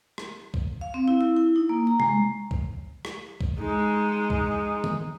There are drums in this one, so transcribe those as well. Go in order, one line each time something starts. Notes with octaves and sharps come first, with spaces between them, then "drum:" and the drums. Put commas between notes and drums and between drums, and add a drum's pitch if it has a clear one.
drum: rim click
drum: kick
F5
C4
E4
E4
E4
D#4
A#3
A#5
G#3, drum: tom C3
drum: kick
drum: rim click
drum: kick
G#3 D#4
drum: kick
drum: tom D#3